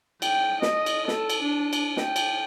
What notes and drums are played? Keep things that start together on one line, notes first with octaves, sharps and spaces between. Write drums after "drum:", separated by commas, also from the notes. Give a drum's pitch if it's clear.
G5, drum: cymbal
D#5, drum: snare
drum: cymbal
A4, drum: snare
drum: cymbal
D4
drum: cymbal
G5, drum: snare
drum: cymbal